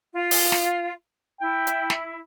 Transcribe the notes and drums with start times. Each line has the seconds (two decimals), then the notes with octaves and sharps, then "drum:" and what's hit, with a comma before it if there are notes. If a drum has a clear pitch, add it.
0.13 F4
0.31 drum: open hi-hat
0.52 drum: snare
1.40 E4 G5
1.67 drum: hi-hat
1.90 drum: snare